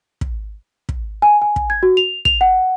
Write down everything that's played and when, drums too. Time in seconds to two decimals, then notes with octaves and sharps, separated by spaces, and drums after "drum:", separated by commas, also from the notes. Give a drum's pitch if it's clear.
0.21 drum: kick
0.89 drum: kick
1.22 G#5
1.42 G#5
1.56 drum: kick
1.70 G#6
1.83 F#4
1.97 F7
2.25 F7, drum: kick
2.41 F#5